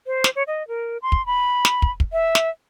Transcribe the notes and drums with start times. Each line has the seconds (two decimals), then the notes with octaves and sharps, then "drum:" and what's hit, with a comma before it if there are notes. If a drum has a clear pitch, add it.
0.07 C5
0.24 drum: snare
0.36 C#5
0.47 D#5
0.68 A#4
1.02 C6
1.12 drum: kick
1.26 B5
1.65 drum: snare
1.82 drum: kick
2.00 drum: kick
2.13 E5
2.35 drum: snare